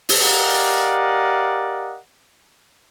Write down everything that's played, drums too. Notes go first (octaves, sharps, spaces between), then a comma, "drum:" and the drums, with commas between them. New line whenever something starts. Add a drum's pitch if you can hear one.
drum: open hi-hat
G4 A#4 D5 D#5 F5 F#5